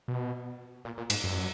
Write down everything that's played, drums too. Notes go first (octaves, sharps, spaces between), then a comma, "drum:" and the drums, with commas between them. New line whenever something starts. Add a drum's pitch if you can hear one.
B2
A#2
A#2
G#2, drum: cymbal
F#2